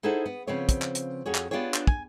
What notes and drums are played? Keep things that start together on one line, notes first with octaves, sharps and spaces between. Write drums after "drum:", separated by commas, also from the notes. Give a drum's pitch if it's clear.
D#4 E4 G#4 A4 C5 F#5
B3
C#3 F3 B3 C4 C#5
drum: kick, hi-hat
drum: clap
drum: hi-hat
F2 F#4 G#4 C#5
drum: clap
B3 D4 F4 G4 G#4 C#5
drum: clap
G#5, drum: kick